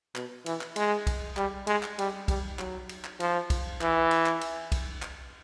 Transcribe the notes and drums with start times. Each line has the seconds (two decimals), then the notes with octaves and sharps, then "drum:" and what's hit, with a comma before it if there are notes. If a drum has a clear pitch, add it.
0.15 B2, drum: clap
0.46 E3, drum: cymbal
0.61 drum: clap
0.76 G#3, drum: cymbal
1.07 drum: kick, cymbal
1.37 G3, drum: clap
1.67 G#3, drum: cymbal
1.83 drum: clap
1.99 G3, drum: cymbal
2.28 G3, drum: kick, cymbal
2.59 F#3, drum: clap
2.89 drum: cymbal
3.04 drum: clap
3.20 F3, drum: cymbal
3.50 drum: kick, cymbal
3.81 E3, drum: clap
4.11 drum: cymbal
4.26 drum: clap
4.41 drum: cymbal
4.72 drum: kick, cymbal
5.02 drum: clap